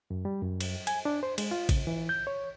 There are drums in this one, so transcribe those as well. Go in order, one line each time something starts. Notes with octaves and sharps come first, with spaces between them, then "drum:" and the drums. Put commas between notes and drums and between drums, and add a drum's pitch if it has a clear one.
F#2
G3
F#2
drum: cymbal
G#5, drum: cymbal
D4
C5
G#3, drum: cymbal
F4
C#3, drum: kick A1, cymbal
E3
G6
C#5